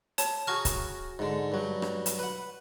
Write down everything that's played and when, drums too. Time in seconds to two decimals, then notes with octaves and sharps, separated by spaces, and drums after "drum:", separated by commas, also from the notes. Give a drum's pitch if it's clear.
0.18 C#5 A5, drum: hi-hat
0.47 F#4 G#4 A#5 C#6 F6
0.65 drum: kick C#1, hi-hat
1.19 G#2 D3
1.52 G2 F#3
1.82 drum: rim click
2.06 drum: hi-hat
2.19 B4 F#5